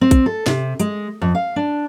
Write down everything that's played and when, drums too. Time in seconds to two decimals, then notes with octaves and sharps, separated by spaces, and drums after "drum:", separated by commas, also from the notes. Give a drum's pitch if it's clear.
0.01 C4
0.11 drum: kick, hi-hat
0.26 A4
0.46 C3, drum: snare
0.80 G#3, drum: hi-hat
1.22 F2
1.35 F5
1.56 D4